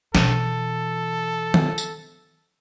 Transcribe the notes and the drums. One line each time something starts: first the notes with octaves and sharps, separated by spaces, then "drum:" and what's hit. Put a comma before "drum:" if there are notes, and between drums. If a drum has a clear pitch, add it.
B2 E3 A4, drum: snare
drum: tom D#3
drum: tambourine